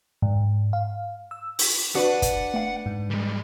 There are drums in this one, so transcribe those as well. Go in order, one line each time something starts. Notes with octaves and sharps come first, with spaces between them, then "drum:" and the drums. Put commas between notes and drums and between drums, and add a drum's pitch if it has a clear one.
G#2
F5
E6
drum: open hi-hat
D4 F#4 B4 F#5
drum: kick, hi-hat
A3 F5
G#2
G3 G#3